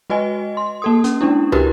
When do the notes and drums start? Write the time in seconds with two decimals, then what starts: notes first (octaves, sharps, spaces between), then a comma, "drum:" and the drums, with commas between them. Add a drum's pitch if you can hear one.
0.10 G#3 F#4 B4 D#5 G#5
0.57 C6
0.82 A#3 A4 D#6
1.04 C#4, drum: hi-hat
1.21 G#3 C#4 D4 E4
1.52 E4 F#4 G4 A#4 B4, drum: tom